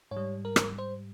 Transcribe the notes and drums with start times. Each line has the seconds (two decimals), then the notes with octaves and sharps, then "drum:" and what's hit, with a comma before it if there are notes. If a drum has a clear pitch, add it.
0.11 G#2 C#5
0.16 G3
0.45 A#4
0.56 drum: rim click
0.78 C5